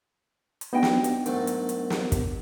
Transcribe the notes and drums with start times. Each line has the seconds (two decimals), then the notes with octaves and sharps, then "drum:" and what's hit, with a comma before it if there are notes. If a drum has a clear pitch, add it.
0.61 drum: hi-hat
0.73 B3 C4 D4 D#4 F#4 D#5 F#5 G5
0.83 drum: snare
1.04 drum: hi-hat
1.26 G#2 F#3 A3 A#4, drum: hi-hat
1.47 drum: hi-hat
1.69 drum: hi-hat
1.90 drum: snare
2.12 drum: kick, hi-hat